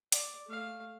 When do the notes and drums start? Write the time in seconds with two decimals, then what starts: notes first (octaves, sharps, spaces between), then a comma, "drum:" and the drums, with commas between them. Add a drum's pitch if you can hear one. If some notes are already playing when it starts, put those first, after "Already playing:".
0.12 D5, drum: hi-hat
0.47 A3 F5